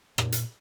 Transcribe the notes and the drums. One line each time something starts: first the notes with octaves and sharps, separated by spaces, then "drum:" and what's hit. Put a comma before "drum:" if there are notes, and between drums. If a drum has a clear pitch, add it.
A#2, drum: rim click
drum: hi-hat